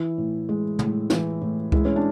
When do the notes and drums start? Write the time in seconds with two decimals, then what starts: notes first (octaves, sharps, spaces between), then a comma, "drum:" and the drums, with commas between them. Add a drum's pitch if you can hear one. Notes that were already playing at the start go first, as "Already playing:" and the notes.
Already playing: E3 E4
0.18 A2
0.49 G#3
0.79 A2, drum: tom
1.10 E3, drum: snare
1.41 A2
1.72 G#3 E4, drum: kick C#2
1.85 C#4
1.96 D4